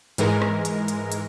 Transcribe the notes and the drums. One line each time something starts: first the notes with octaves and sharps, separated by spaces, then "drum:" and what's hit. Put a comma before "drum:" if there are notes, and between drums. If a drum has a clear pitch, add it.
G#2 E3 G#3 A#4, drum: hi-hat
drum: rim click
drum: hi-hat
drum: hi-hat
drum: hi-hat